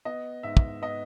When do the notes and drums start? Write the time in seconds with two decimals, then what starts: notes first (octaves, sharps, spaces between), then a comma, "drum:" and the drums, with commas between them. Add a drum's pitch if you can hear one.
0.05 B3 D#5
0.43 G#2 E5
0.57 drum: kick
0.82 B3 D#5